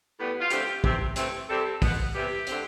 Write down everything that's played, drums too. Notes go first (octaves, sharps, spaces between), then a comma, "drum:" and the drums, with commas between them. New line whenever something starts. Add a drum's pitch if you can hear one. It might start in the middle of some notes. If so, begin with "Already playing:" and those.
A2 G3 B3
F4
D3 F3 A3 C4 G4, drum: hi-hat
C3 E3 A3 C4, drum: kick
C3 E3 A3 C4, drum: hi-hat
C3 G3 C4 A4
B2 B3, drum: kick, open hi-hat
C3 E3 G3 B3 G4
D3 A3 C4, drum: hi-hat